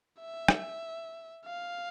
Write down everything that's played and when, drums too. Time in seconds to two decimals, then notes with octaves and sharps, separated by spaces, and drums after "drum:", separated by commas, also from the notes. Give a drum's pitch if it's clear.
0.20 E5
0.48 drum: rim click
1.46 F5